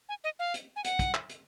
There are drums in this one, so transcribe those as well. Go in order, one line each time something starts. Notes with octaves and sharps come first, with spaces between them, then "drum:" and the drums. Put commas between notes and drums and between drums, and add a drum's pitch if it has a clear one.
G#5
D#5
F5
drum: hi-hat
G#5
F#5, drum: hi-hat
drum: kick, hi-hat
drum: clap
drum: hi-hat